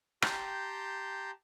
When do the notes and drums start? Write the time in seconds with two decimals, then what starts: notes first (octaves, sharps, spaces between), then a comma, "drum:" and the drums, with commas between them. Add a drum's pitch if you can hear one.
0.22 G4 G5 A5 A#5 C6, drum: rim click